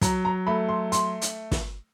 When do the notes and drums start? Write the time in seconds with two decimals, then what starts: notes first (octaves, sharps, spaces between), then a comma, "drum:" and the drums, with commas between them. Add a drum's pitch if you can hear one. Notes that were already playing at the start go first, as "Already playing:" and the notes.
0.01 F#3 A#5, drum: kick, hi-hat
0.25 A#5
0.47 A3 B5
0.69 C6
0.92 C6, drum: hi-hat
1.22 drum: hi-hat
1.51 drum: snare